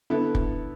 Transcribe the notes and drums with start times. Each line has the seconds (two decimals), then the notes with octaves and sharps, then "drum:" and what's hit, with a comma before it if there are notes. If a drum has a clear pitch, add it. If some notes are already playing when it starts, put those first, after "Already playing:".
0.10 D3 B3 E4 A4
0.35 drum: kick